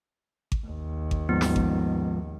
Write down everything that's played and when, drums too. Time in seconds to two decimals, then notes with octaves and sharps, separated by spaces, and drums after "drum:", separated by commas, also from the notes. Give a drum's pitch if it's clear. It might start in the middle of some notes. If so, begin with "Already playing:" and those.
0.52 drum: kick G#1
0.67 D#2
1.11 drum: kick G#1
1.29 G#2 F3 B3
1.41 drum: snare
1.56 drum: kick G#1